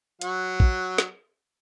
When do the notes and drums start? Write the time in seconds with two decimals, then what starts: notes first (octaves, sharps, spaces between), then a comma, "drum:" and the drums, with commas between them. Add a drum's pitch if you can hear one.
0.21 F#3 F#5, drum: hi-hat
0.60 drum: kick A#1
0.98 drum: snare